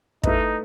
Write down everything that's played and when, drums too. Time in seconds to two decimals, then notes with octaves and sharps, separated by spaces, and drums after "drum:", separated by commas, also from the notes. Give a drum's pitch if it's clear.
0.23 A3 D#4 E4 B4 D#5, drum: kick